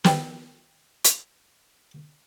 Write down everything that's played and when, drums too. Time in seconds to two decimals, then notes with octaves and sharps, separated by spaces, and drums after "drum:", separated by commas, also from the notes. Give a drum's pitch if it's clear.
0.04 D#3 G3 B3 C4 G4 A#4, drum: snare
1.05 drum: hi-hat